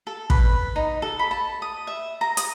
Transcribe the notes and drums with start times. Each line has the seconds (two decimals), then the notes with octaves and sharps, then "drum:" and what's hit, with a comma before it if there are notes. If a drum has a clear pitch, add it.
0.07 A4
0.30 B4, drum: kick
0.76 D#4
1.02 A4
1.19 B5
1.31 A5
1.62 D#6
1.87 E5
2.21 A#5
2.37 D#6, drum: hi-hat